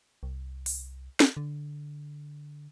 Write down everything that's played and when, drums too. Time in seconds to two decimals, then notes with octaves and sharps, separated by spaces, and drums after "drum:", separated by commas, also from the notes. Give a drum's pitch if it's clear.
0.23 C2
0.66 drum: open hi-hat
1.20 drum: snare
1.37 D3